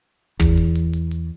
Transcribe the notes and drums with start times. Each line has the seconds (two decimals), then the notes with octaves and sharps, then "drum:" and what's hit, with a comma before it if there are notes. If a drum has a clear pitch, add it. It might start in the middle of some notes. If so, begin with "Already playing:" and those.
0.40 E2, drum: kick, hi-hat
0.57 drum: hi-hat
0.75 drum: hi-hat
0.93 drum: hi-hat
1.11 drum: hi-hat